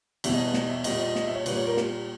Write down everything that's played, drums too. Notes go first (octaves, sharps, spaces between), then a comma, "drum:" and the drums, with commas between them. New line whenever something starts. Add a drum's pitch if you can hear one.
E2 B2 G3 E5, drum: cymbal
D#5
B4
D#5, drum: snare
E5
A#2 G3 D#5, drum: cymbal
D#5
D#5, drum: snare
E5
C#5
A#2 G3 B4, drum: cymbal
C#5
A#4
G4, drum: snare